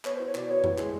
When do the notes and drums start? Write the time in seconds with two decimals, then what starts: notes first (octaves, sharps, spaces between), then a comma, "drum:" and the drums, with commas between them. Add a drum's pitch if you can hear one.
0.05 B3 C#5, drum: clap
0.16 C5
0.20 E4
0.27 C#5
0.35 B2 D5, drum: clap
0.49 B3 C#5
0.64 E4, drum: tom F2
0.78 G#3, drum: clap